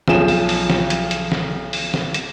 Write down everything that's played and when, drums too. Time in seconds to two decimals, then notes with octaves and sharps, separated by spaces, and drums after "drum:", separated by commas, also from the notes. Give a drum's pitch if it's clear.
0.08 B1 F3 G#4 E7, drum: snare
0.28 drum: open hi-hat
0.49 drum: open hi-hat
0.70 drum: snare
0.90 drum: hi-hat
1.11 drum: hi-hat
1.32 drum: snare
1.73 drum: open hi-hat
1.94 drum: snare
2.14 drum: hi-hat